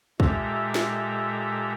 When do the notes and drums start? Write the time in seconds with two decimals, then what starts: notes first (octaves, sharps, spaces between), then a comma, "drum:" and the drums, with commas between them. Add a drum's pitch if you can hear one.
0.20 A#2 G#3 G4 A4 E5 A#5, drum: kick
0.75 drum: snare